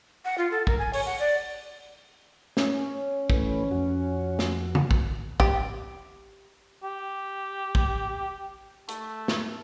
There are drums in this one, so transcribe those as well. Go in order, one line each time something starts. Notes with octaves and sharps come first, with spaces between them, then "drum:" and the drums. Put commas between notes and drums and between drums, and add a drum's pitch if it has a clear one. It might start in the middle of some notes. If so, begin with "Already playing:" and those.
F#5
F4
A4
A#4, drum: kick
G#5
C#5, drum: open hi-hat
F#5
D5
C#4, drum: snare
E3 A3 B4, drum: kick
F2 F#4
drum: snare
drum: tom C#3
drum: kick
G4, drum: kick
G4
drum: kick
A3, drum: hi-hat
drum: snare